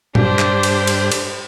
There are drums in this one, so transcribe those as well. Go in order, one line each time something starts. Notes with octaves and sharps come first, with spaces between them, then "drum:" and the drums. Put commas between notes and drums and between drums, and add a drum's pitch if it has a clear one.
G2 D4 G4 C5, drum: tom A#2
drum: clap
drum: cymbal
drum: cymbal
drum: cymbal